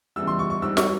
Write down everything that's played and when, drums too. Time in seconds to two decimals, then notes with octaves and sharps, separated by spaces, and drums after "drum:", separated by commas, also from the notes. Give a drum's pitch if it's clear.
0.16 E2 C#3 E3 G3 E6
0.27 C6
0.39 C#6
0.50 C#6
0.62 G#2 G3 C4 E6
0.77 C#6, drum: snare